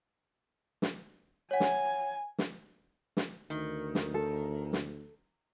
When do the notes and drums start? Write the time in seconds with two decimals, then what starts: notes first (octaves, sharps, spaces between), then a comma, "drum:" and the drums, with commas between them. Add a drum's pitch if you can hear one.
0.82 drum: snare
1.51 C#5 F#5 G#5
1.60 drum: snare
2.38 drum: snare
3.17 drum: snare
3.50 D2 D#3
3.95 drum: snare
4.14 A4
4.73 drum: snare